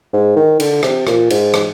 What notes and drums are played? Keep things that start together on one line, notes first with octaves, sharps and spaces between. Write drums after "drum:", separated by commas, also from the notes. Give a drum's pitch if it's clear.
G#2
D#3
D3, drum: cymbal
C3, drum: rim click
A#2, drum: rim click
G#2, drum: cymbal
drum: rim click